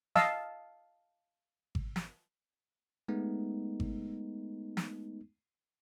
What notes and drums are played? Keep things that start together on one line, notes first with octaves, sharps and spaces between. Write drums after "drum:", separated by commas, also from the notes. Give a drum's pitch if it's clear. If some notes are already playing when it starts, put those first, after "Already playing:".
D#5 F5 A5 E6, drum: snare
drum: kick G#1
drum: snare
G#3 A3 B3 D#4
drum: kick G#1
drum: snare